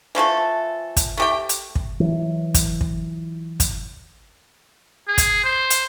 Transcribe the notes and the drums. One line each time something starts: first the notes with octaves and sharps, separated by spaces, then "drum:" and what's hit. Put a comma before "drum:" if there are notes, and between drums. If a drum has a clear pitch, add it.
E3 F3 A3 A4
drum: kick, hi-hat
A3 G4 G5
drum: hi-hat
drum: kick
E3 F#3
drum: kick, hi-hat
drum: kick
drum: kick, hi-hat
G#4
drum: kick, hi-hat
C5
drum: hi-hat